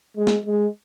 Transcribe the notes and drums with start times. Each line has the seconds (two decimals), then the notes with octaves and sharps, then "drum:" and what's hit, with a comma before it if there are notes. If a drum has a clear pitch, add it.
0.17 G#3
0.27 drum: snare
0.46 G#3